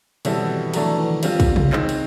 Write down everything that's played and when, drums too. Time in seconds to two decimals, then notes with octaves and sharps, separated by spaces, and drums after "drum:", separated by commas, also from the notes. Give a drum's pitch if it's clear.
0.25 B2 D#3 G3 C4 E4 A4, drum: cymbal
0.38 E3
0.62 E3
0.74 F3 F#3 A3 D4, drum: cymbal
0.86 E3
0.99 E3
1.11 D#3
1.23 G3 C4 F4, drum: cymbal
1.40 drum: kick, cymbal
1.56 drum: tom C3
1.73 D3 D#3 G#3 C4, drum: clap
1.89 drum: cymbal